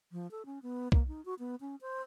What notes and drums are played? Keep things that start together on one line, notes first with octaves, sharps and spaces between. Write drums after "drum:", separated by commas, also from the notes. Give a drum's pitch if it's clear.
F3
A4
C#4
B3
A#3, drum: kick
D#4
F#4
B3
C#4
C5